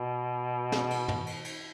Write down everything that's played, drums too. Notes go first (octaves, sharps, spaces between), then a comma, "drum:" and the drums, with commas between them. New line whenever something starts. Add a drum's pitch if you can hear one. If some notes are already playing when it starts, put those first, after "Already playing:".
Already playing: B2
drum: snare
drum: cymbal
drum: tom
drum: cymbal
drum: cymbal